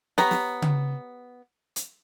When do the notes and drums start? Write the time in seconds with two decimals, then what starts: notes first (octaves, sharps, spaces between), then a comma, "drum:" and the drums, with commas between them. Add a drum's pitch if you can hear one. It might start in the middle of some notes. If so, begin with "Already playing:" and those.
0.18 B3 G4 C#5 A#5, drum: snare
0.31 drum: snare
0.62 drum: tom C#3
1.76 drum: hi-hat